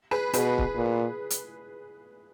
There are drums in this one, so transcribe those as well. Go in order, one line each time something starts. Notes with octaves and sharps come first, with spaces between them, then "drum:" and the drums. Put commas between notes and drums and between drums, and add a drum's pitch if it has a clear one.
G#4 B4
B2 G#4 B4, drum: hi-hat
drum: kick
A#2
drum: hi-hat